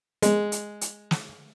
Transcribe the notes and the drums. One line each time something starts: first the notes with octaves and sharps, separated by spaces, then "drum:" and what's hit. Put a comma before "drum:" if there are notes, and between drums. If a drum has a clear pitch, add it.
G#3, drum: hi-hat
drum: hi-hat
drum: hi-hat
drum: snare